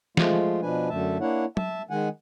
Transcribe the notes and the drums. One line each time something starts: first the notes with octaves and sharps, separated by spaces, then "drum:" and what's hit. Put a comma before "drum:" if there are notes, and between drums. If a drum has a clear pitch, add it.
F3 G#3 A3 F4, drum: snare E3
B2 F3 D4 B4 G#5
F#2 D3 A3 E5 A5
A#3 D4 E4 C#5 F#5
E5 A5, drum: tom F#3
D#3 G#3 F#5 G#5